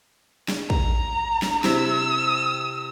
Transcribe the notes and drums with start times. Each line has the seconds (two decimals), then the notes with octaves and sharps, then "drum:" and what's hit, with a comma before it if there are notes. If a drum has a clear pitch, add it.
0.48 drum: snare
0.70 A#5, drum: kick
1.42 drum: snare
1.64 C3 E4 A#5 E6, drum: snare